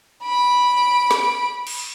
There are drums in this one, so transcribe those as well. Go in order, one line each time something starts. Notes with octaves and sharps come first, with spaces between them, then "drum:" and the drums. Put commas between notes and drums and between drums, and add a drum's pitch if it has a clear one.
B5 D7
drum: snare
drum: cymbal